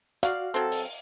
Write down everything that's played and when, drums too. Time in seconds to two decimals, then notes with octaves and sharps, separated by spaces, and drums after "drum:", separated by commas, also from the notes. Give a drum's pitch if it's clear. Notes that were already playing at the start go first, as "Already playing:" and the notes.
0.23 F#4 D5 F5, drum: hi-hat
0.54 F#3 C4 A4
0.72 drum: open hi-hat